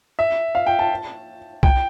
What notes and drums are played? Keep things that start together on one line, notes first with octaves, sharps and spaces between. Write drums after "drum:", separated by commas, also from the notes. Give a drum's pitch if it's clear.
E5
F5
G5
A5
G5, drum: kick